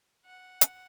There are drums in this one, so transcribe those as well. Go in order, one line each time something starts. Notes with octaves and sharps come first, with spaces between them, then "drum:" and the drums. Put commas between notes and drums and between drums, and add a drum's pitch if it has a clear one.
F#5
drum: hi-hat